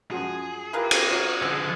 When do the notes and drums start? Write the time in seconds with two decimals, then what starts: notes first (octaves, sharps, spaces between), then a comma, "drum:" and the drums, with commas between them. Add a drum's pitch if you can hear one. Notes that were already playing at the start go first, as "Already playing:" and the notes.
0.11 F#2 F3 F#4 G#4
0.73 E4 F4 G4 A#4 B4
0.91 drum: cymbal
1.11 F4 F#4 C#5 A#5
1.42 D3 F3 C#4 G#4 E6 F#6